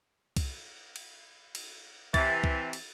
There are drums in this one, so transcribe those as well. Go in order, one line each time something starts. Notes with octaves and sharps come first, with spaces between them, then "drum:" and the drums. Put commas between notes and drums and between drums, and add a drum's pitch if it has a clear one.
drum: kick C2, cymbal
drum: cymbal
drum: cymbal
C3 E3 A6, drum: kick C2, cymbal
drum: kick C2
drum: cymbal